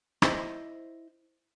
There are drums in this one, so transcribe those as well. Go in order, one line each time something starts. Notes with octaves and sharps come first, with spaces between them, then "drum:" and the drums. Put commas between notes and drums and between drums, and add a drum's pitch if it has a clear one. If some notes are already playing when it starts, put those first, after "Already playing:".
E4 C5 D#5, drum: rim click